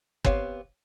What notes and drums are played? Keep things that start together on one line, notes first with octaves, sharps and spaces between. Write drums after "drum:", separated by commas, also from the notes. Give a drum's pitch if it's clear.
B3 C4 G4 C#5 F5, drum: kick